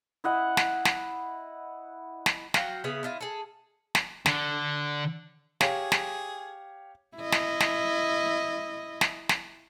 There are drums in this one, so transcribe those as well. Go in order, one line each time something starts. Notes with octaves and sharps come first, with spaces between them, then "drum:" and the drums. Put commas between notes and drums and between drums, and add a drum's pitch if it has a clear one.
E4 D#5 F#5
drum: snare
drum: snare
drum: snare
F#3 F#4 F5 G5, drum: snare
C#3 B3 G#4 E5
E4 F4 D#5
G#4 A4
drum: snare
D3, drum: snare
G4 G#4 C#5 F5, drum: snare
drum: snare
E4 D#5
drum: snare
drum: snare
drum: snare
drum: snare